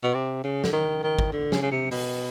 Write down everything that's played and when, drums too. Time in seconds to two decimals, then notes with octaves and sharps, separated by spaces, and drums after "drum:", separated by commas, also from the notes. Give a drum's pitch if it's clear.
0.03 B2
0.14 C3
0.44 C#3
0.64 D3, drum: snare
0.73 D#3
1.03 D#3
1.19 drum: kick
1.32 D3
1.52 C#3, drum: snare
1.62 C#3
1.71 C3
1.91 B2, drum: open hi-hat